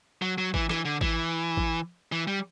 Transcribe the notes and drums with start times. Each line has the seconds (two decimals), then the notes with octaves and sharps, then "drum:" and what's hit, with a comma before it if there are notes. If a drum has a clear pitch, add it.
0.22 F#3
0.38 F#3
0.54 E3, drum: kick G#1
0.69 E3, drum: rim click
0.85 D3
1.01 E3, drum: kick G#1
1.57 drum: kick G#1
2.12 E3
2.27 G3